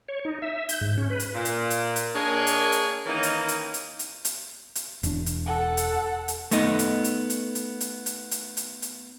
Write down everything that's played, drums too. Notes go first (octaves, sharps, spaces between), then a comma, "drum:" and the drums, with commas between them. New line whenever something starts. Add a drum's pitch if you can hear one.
C#5
D#4
E5
G6, drum: hi-hat
G#2
C#4
B4
drum: hi-hat
A#2
drum: hi-hat
drum: hi-hat
drum: hi-hat
A#3 D4 G#4 A#4 C#5 D#5
drum: hi-hat
drum: hi-hat
D#3 E3 A#3 C#4 D#4
drum: hi-hat
drum: hi-hat
drum: hi-hat
drum: hi-hat
drum: hi-hat
drum: hi-hat
E1 D4, drum: hi-hat
drum: hi-hat
A4 F#5
drum: hi-hat
drum: hi-hat
A3 B3 D#4 D#5, drum: hi-hat
drum: hi-hat
drum: hi-hat
drum: hi-hat
drum: hi-hat
drum: hi-hat
drum: hi-hat
drum: hi-hat
drum: hi-hat
drum: hi-hat